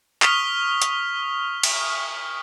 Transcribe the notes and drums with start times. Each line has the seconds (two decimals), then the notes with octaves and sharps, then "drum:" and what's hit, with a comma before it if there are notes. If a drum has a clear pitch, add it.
0.22 C#6 D#6 F6 B6 F7 G7, drum: clap
0.82 drum: hi-hat
1.63 drum: cymbal